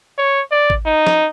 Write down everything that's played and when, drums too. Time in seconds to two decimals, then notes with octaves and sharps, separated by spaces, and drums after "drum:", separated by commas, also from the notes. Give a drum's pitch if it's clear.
0.18 C#5
0.52 D5
0.70 drum: kick
0.86 D#4
1.07 drum: snare